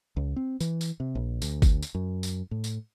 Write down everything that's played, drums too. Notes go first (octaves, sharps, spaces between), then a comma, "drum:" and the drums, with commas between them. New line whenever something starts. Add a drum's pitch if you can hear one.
C#2
C4
E3, drum: tambourine
drum: tambourine
C3
A#1
D2, drum: tambourine
drum: kick, tambourine
drum: tambourine
F#2
drum: tambourine
A2
drum: tambourine